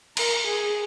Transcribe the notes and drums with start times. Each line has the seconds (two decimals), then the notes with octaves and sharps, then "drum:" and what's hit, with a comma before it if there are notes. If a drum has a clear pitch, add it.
0.17 A#4, drum: cymbal
0.47 G#4